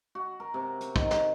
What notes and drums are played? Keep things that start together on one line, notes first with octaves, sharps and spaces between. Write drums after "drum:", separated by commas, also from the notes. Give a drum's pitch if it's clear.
F#4
A#4
C3
drum: hi-hat
D#3, drum: kick
drum: snare